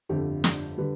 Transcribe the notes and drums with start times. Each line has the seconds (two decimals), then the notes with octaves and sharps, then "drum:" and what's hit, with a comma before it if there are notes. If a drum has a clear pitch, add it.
0.09 G1 F2 D3 F3 G4
0.44 drum: snare
0.78 D3 G3 B4